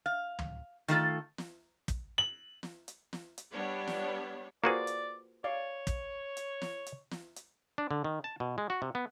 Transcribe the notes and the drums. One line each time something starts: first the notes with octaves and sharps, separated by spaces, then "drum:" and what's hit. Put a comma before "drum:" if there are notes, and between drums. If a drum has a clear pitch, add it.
F5
drum: tom
D#3 A3 F4 A4, drum: hi-hat
drum: snare
drum: kick, hi-hat
F#7
drum: snare
drum: hi-hat
drum: snare
drum: hi-hat
G3 B3 D4 C#5
drum: snare
A#3 F4 F#4 G#4 B4 C5 D5
drum: hi-hat
C#5 D5 F5
drum: kick, hi-hat
drum: hi-hat
drum: snare
drum: hi-hat
drum: snare
drum: hi-hat
D4
D3
D#3
A5
B2
G#3
F#4
C3
B3